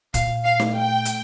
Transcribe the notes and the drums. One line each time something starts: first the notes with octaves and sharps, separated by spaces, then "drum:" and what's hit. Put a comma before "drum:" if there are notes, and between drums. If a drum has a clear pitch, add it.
A#2 F5, drum: kick, hi-hat
F5
A3, drum: snare D#4
G5
drum: hi-hat